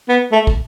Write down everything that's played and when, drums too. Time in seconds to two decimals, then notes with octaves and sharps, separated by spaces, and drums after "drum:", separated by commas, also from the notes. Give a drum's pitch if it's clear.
0.09 B3
0.32 A3
0.47 drum: kick